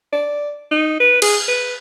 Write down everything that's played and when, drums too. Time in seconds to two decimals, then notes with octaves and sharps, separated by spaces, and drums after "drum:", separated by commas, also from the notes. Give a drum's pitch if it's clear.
0.13 D5
0.71 D#4
1.00 B4
1.22 G#4, drum: cymbal
1.48 B4